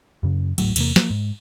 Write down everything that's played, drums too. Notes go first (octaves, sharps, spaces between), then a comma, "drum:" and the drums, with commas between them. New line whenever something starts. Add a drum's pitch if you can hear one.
F#2 C#3
D1 G#1 A2 F#3, drum: cymbal
E2 C3 A#3, drum: cymbal
F3 A#3, drum: snare
G#2